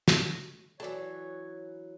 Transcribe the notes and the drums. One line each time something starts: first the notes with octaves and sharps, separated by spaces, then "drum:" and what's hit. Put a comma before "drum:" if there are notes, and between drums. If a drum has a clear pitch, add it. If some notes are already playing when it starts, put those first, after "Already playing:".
F#3 A3, drum: snare
E3 F#3 A4 C#5 D5